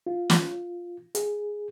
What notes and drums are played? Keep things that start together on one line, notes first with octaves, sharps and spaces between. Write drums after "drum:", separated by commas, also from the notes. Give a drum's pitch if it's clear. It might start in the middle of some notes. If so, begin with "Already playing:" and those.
F4
drum: snare
G#4, drum: hi-hat